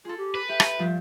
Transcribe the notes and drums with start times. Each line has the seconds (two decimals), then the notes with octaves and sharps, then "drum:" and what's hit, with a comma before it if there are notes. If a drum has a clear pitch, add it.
0.05 F4 G#4 A4
0.18 G4
0.35 B4
0.49 G4 E5
0.60 drum: rim click
0.79 G2 F3 G4